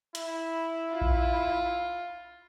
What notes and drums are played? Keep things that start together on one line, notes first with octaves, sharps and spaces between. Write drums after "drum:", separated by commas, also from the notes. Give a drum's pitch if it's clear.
E4, drum: hi-hat
F4
drum: kick A#1